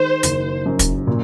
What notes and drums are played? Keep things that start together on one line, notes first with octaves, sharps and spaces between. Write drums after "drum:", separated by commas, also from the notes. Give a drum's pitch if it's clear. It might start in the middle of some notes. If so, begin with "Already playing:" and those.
Already playing: D#3 G#3 C5
F#1, drum: hi-hat
F#2
drum: kick, hi-hat
A#2